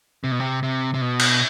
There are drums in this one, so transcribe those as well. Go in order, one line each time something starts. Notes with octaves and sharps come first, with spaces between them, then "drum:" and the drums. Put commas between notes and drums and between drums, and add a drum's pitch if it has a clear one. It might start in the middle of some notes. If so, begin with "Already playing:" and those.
C3
B2
C3
C3
C3
B2
drum: cymbal